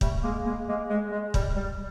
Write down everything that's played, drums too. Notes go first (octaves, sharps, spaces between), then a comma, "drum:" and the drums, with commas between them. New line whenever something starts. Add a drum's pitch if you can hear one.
G3 A3, drum: kick
G#3 A#3
G#3 A#3
G#3 A#3
G#3
G#3
G3, drum: kick
G3